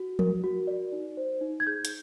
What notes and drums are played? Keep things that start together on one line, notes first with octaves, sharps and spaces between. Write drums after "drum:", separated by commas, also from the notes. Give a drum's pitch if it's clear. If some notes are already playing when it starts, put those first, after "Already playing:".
Already playing: F#4
A#4, drum: tom F3
F#4
D5
D#4
C5
D#4
G#6
G#4 G6
drum: hi-hat